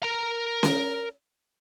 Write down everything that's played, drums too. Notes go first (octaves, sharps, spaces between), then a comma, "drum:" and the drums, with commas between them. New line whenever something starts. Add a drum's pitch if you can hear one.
A#4 A#5
drum: snare C#4